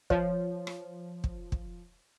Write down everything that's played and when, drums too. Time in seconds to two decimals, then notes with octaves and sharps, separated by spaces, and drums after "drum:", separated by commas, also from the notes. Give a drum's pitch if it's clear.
0.10 F3 C#5, drum: kick
0.67 drum: rim click
1.24 drum: kick
1.52 drum: kick